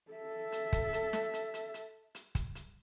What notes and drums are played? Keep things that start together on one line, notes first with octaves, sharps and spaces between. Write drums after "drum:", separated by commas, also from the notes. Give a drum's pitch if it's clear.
A4 E5
drum: hi-hat
drum: kick, hi-hat
drum: hi-hat
drum: snare
drum: hi-hat
drum: hi-hat
drum: hi-hat
drum: hi-hat
drum: kick, hi-hat
drum: hi-hat